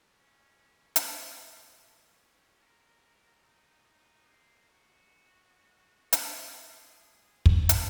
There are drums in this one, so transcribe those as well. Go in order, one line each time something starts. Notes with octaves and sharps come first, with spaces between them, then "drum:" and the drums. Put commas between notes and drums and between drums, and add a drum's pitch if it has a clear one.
C#4
B3, drum: hi-hat
C#4
A#4
D#4
A#3
F#4
drum: hi-hat
G#4
drum: kick
drum: hi-hat